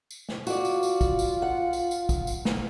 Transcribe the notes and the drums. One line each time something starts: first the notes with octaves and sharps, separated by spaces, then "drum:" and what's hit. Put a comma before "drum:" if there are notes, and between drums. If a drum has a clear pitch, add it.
drum: tambourine
drum: snare
F4 F#4 D5, drum: tambourine
drum: tambourine
drum: tambourine
drum: kick, tambourine
drum: tambourine
F#5
drum: tambourine
drum: tambourine
drum: kick, tambourine
drum: tambourine
drum: snare